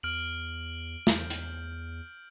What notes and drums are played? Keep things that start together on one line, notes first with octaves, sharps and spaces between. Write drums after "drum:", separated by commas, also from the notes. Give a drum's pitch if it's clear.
E2 F6 D7 F#7
E2 G6, drum: snare
drum: hi-hat